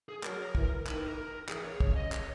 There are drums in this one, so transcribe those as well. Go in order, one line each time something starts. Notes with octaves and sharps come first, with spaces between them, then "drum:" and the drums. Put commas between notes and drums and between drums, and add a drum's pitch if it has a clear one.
G#4
F#3 A#4, drum: clap
E3, drum: kick
D#3 B4, drum: clap
A#4
A#4
E3 G#4, drum: clap
C#5
C#3 C#5, drum: kick
D#5
C#5, drum: clap